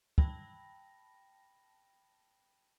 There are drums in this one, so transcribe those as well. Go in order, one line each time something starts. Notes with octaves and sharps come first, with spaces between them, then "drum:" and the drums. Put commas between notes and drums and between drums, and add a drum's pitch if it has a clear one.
G5 A5 B5 A#6, drum: kick